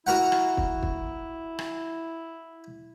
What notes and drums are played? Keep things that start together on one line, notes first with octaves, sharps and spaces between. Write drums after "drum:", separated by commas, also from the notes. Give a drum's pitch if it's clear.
E4 F#4 A#4 F#5
drum: rim click
drum: kick
drum: kick
drum: rim click